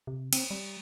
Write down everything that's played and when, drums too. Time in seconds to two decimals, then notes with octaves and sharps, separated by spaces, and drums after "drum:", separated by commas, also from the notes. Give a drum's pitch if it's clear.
0.07 C3
0.33 C4, drum: cymbal
0.51 G3